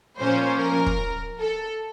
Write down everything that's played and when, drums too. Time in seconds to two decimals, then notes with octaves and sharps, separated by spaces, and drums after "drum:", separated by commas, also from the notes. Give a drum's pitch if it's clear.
0.19 A#2 F3 A#3 C#4 C5
0.59 A#4
0.86 drum: kick
1.40 A4